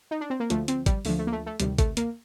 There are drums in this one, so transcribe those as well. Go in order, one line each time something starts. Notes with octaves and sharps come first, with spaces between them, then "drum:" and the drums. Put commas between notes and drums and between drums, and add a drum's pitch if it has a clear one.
D#4
D4
C4
A#3
D2 D3 F3 A3, drum: hi-hat
C4, drum: hi-hat
G3, drum: kick G#1, hi-hat
D2 D3 F3 A3, drum: open hi-hat
A3
A#3
A3
A3
D2 C3 D#3 G3, drum: hi-hat
A3, drum: kick G#1, hi-hat
A#3, drum: hi-hat